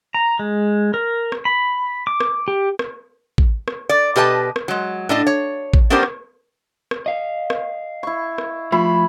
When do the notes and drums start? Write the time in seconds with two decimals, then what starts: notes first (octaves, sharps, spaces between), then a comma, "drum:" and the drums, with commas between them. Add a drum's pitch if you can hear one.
0.14 A#5
0.39 G#3
0.94 A#4
1.32 drum: rim click
1.45 B5
2.07 D6
2.20 drum: rim click
2.48 G4
2.79 drum: rim click
3.38 drum: kick A1
3.68 drum: rim click
3.89 D5
4.16 B2 G4 B4 D#5 A5
4.56 drum: rim click
4.68 F#3 G#3
5.09 A2 D4 D#5
5.27 C#5
5.74 drum: kick A1
5.90 B3 C#4 D4 G4 A#4 C5
6.03 drum: rim click
6.91 drum: rim click
7.06 D#5 F5
7.50 drum: rim click
8.03 E4 C#6
8.38 drum: rim click
8.72 F3 A3 E4 F4 B5 C#6